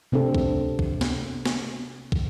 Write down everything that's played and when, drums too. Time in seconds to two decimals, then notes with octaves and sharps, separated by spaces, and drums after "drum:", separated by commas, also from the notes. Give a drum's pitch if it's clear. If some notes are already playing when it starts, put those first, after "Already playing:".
0.12 C3 C4 D4 A4
0.35 drum: kick
0.79 drum: kick
1.01 drum: snare
1.46 drum: snare
2.12 drum: kick